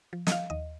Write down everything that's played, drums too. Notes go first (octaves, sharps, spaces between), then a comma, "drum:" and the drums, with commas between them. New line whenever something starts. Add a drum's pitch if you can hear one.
F3
D#5, drum: snare
F3 F5
D#2 D#5